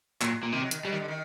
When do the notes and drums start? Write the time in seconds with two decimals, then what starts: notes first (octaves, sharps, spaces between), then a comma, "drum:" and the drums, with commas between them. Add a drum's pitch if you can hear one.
0.22 A#2 F#3, drum: clap
0.43 A#2
0.52 C3 D#3
0.63 F#3
0.71 D#3, drum: hi-hat
0.85 F#3 G3
0.92 D#3
1.00 D3
1.08 D#3